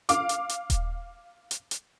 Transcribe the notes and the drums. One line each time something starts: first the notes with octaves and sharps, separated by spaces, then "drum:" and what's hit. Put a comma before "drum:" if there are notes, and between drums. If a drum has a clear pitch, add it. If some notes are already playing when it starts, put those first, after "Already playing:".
F5 D6, drum: hi-hat
drum: hi-hat
drum: hi-hat
drum: kick D#1, hi-hat
drum: hi-hat
drum: hi-hat